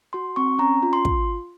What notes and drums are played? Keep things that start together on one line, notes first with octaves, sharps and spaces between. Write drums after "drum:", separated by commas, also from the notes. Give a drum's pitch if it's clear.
F#4 C6
C4 C#6
C#4 A#5
F4
C6
drum: kick